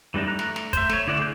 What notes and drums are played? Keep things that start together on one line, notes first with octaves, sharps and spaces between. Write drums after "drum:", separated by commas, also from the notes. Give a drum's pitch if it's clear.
E3 G3 D4 D#4
A3 A#5 F#6
drum: snare
drum: snare
C5 E5, drum: kick, hi-hat
A3 C#5, drum: snare
D3 E4 D5 F#5
G#4 G6